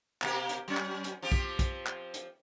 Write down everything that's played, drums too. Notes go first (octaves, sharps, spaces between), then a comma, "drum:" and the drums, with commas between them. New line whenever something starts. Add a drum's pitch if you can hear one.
B2 A#3 G4, drum: clap
drum: hi-hat
F#3 C#4
drum: clap
drum: hi-hat
F3 C4 G4
drum: kick B1
drum: kick B1, hi-hat
drum: clap
drum: hi-hat